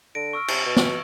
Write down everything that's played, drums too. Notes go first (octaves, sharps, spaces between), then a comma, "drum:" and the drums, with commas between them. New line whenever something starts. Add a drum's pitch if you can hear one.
D3 A#6 D7
C#6 E6 F6
C3, drum: cymbal
B2
drum: snare